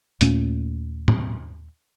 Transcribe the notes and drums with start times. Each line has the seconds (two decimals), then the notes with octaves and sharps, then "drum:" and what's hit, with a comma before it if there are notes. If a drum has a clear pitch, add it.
0.21 D#2 A#2 A3 C#4, drum: hi-hat
1.08 drum: tom